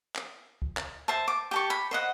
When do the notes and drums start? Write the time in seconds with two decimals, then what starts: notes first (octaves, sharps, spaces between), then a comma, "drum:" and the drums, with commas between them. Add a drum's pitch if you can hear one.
0.15 drum: clap
0.62 drum: kick C#2
0.77 drum: clap
1.08 C5 E5 A5
1.28 D6
1.51 G4 A5 C#6
1.70 B5
1.91 C5 D#5 F#5